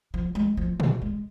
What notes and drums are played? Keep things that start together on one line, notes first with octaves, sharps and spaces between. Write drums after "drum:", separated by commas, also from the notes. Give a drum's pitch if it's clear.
F3
G#3
F3
F3, drum: tom A#2
G#3